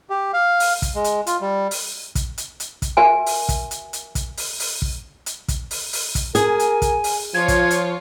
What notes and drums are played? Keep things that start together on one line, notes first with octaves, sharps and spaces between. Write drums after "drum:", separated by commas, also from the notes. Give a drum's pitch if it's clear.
G4
F5
drum: open hi-hat
drum: kick, hi-hat
G#3
drum: hi-hat
F4, drum: hi-hat
G3
drum: open hi-hat
drum: kick, hi-hat
drum: hi-hat
drum: hi-hat
drum: kick, hi-hat
F#4 A#4 E5 G#5
drum: open hi-hat
drum: kick, hi-hat
drum: hi-hat
drum: hi-hat
drum: kick, hi-hat
drum: open hi-hat
drum: open hi-hat
drum: kick
drum: hi-hat
drum: kick, hi-hat
drum: open hi-hat
drum: open hi-hat
drum: kick, hi-hat
G#4 A#4 G#5, drum: hi-hat
drum: hi-hat
drum: kick, hi-hat
drum: open hi-hat
F3 F4 C#5 G#6
drum: kick, hi-hat
drum: hi-hat